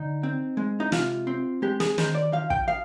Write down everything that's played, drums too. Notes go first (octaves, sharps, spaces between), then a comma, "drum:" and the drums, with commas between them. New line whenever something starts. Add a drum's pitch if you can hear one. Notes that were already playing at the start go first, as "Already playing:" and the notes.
Already playing: D3 D#4
C4
G#3
D#4
C3 F4, drum: snare
C4
G#3 G4
G#4, drum: snare
D#3 C5, drum: snare
D5
F3 F5
G5, drum: kick
F3 F5